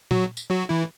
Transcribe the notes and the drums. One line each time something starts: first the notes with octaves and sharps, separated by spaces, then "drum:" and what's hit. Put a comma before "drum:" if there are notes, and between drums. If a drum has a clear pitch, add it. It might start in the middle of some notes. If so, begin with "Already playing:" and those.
F#3 F#4, drum: tom A#2
drum: tambourine
F#3 F#4
E3 E4